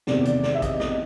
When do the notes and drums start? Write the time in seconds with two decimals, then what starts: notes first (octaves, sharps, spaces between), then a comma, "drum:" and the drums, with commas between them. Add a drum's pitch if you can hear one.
0.07 E2 C3 D#3 D5, drum: snare
0.25 D5, drum: hi-hat
0.43 D5, drum: snare
0.55 E5
0.62 D#5, drum: kick A#1, hi-hat
0.80 D#5, drum: snare